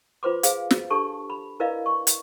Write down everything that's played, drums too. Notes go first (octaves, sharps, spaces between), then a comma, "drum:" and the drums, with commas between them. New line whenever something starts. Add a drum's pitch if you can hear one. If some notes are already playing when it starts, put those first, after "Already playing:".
F4 B4 C5 C6 D6
G#4 C5 F5, drum: hi-hat
drum: snare
D4 G4 A4 A5 C#6
B5
E4 A#4 B4 D5 D#5 F5
C#6
drum: hi-hat